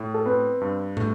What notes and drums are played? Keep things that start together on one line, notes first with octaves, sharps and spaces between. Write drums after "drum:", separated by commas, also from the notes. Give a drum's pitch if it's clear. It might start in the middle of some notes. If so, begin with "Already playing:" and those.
Already playing: A2
A4
B3 C4 B4
G2
A3, drum: tom